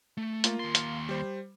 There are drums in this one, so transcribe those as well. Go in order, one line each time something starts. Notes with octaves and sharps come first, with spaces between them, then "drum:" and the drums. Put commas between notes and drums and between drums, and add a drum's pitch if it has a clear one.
A3
A#3 F4, drum: hi-hat
D#2 C6
drum: hi-hat
G3 C5